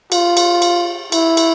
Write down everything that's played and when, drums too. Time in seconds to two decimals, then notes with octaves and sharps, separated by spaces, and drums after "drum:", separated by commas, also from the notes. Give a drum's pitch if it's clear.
0.12 F4, drum: cymbal
0.37 drum: cymbal
0.62 drum: cymbal
1.12 E4, drum: cymbal
1.37 drum: cymbal